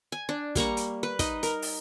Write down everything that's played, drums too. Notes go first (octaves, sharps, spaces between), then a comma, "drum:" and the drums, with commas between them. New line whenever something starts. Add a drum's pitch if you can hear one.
G#5
D4
G3 A#3 A#5 C#6, drum: kick, hi-hat
drum: hi-hat
B4
D#4 D#5, drum: kick, hi-hat
A#4, drum: hi-hat
drum: open hi-hat